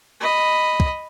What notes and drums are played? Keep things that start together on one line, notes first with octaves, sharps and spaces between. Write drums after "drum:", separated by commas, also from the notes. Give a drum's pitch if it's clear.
D#5 B5
drum: kick